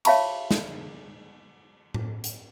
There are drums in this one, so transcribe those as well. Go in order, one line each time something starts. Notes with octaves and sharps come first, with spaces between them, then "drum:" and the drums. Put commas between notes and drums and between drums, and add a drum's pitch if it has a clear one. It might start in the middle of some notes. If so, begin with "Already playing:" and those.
C#5 E5 F5 A5 B5 C#6, drum: cymbal
drum: snare
drum: tom A2
drum: hi-hat